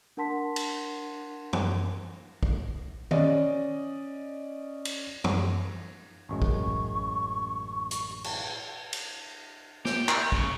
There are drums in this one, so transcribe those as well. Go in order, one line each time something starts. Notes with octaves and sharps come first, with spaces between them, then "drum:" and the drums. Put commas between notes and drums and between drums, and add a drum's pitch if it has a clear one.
D4 A#4 F#5 A5 C6 B6
drum: cymbal
drum: tom F#2
drum: kick
C#4 D5 D#5, drum: tom D#3
drum: cymbal
drum: tom F#2
A1 F#2 G#3 C#6
drum: kick
drum: hi-hat
drum: cymbal
drum: cymbal
G4, drum: snare
drum: clap
C#3, drum: kick